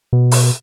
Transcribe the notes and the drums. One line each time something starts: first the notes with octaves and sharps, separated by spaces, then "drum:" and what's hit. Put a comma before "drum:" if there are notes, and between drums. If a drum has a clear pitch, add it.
B2
drum: open hi-hat